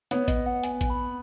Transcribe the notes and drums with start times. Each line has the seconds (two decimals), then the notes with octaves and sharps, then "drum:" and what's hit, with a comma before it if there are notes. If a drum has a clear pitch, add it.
0.11 B3 C#5, drum: hi-hat
0.28 D#5, drum: kick, hi-hat
0.46 F#5
0.63 G#5, drum: hi-hat
0.81 drum: kick, hi-hat
0.90 B5